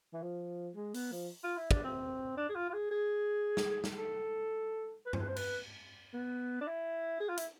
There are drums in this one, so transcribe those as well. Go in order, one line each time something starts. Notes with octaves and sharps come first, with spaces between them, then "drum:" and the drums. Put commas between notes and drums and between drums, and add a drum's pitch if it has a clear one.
E3
F3
G#3
B3, drum: open hi-hat
F3
F4
E4
D4, drum: kick
C4
D4
G#4
F4
F4
G#4
G#4
drum: snare
drum: snare
A4
B4
C5, drum: tom G2
B4
C5
B4, drum: cymbal
B3
D4
E4
G#4
F4
E4, drum: hi-hat